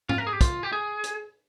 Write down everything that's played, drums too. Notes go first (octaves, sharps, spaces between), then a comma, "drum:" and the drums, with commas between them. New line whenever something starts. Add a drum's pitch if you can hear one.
F4, drum: tom G#2
A#4
G#4
G4
F4, drum: kick, hi-hat
G4
G#4
drum: hi-hat